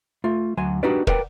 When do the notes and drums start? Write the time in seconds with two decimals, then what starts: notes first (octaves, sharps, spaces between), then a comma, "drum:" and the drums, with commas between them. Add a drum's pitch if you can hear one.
0.24 A3 F4
0.57 D2 F#3 G#5 C6
0.83 D4 D#4 F#4 G4 B4 D5
1.07 A#4 B4 D5 F#5 G5, drum: kick